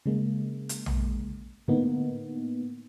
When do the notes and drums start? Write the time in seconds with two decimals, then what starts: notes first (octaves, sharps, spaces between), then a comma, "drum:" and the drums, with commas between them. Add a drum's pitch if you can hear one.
0.06 C#3 G#3 A#3
0.69 drum: hi-hat
0.86 drum: tom A#1
1.68 A2 D3 A#3 B3 D#4